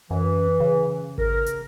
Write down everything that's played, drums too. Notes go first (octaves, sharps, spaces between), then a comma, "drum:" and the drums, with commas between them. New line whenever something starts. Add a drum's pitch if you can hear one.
F#2 E3
C#3
A#4, drum: kick G#1
drum: hi-hat